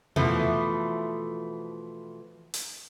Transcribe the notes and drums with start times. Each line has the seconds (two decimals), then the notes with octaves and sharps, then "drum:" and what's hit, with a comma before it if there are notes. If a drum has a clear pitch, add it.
0.16 B2 E3 F3 A3, drum: tom
2.54 drum: hi-hat